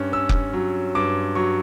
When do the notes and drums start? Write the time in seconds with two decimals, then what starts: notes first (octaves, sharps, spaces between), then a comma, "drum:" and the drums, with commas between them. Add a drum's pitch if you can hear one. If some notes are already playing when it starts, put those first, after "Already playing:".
Already playing: G2 C#4
0.12 C#4 E6
0.29 drum: kick F1
0.53 F#3
0.95 G2 D6
1.35 F#3 C#6